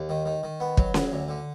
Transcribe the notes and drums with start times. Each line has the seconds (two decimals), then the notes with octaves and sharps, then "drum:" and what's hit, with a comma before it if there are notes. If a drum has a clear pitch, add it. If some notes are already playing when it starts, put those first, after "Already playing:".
Already playing: D#2
0.09 D#3
0.25 D#3
0.43 D#3
0.60 B3
0.77 F#3, drum: kick
0.94 F#3, drum: snare C#4
1.12 D2
1.28 D3